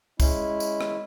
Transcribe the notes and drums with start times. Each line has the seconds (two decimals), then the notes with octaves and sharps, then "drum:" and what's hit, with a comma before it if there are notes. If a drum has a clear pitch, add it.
0.20 G#3 C#4 E4, drum: kick, tambourine
0.60 drum: tambourine
0.81 drum: rim click